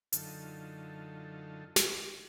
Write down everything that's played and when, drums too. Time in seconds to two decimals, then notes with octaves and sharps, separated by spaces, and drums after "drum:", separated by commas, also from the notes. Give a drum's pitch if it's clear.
0.13 F#2 D3 D#4 F4 A4, drum: hi-hat
1.76 drum: snare